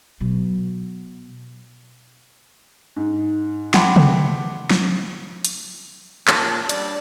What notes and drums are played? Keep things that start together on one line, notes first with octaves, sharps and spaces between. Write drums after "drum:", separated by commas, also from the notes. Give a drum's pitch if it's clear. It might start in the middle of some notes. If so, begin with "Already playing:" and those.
B2 F#3
G#2
F#5 G5 A5 B5 C6 D6, drum: snare
drum: tom
drum: snare
drum: hi-hat
A#2 A#3 C#4 A5, drum: clap
G3 D4 D5, drum: hi-hat